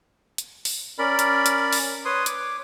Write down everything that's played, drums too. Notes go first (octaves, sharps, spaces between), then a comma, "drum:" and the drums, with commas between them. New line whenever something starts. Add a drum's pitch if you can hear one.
drum: hi-hat
drum: open hi-hat
C#4 A#4 D5 B5
drum: hi-hat
drum: hi-hat
drum: open hi-hat
B4 C#5 C6 D#6
C#5 D6, drum: hi-hat